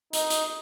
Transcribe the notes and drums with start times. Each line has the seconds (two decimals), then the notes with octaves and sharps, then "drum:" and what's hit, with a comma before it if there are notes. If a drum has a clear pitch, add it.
0.13 D#4, drum: hi-hat
0.30 drum: hi-hat